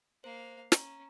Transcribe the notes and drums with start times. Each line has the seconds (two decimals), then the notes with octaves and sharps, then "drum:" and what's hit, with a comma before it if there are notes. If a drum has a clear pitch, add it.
0.24 A#3 C5 F5
0.72 C#4 A#5, drum: snare